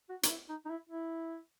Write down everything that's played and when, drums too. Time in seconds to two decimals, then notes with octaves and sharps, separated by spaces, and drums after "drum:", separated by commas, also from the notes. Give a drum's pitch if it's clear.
0.09 F#4
0.23 D#4, drum: hi-hat
0.30 E4
0.49 D#4
0.65 D#4
0.70 E4
0.89 E4